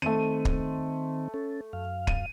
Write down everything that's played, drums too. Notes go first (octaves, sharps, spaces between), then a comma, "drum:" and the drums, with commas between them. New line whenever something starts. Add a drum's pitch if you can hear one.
D#3 A3 C4 D#7
drum: kick
C#4 A4
F#2 F5
D#7, drum: kick